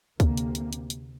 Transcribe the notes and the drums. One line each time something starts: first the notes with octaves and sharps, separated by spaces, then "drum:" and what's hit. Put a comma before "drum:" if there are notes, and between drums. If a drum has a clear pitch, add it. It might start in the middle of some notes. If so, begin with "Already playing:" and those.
D2 C3 A#3, drum: kick, hi-hat
drum: hi-hat
drum: hi-hat
drum: hi-hat
drum: hi-hat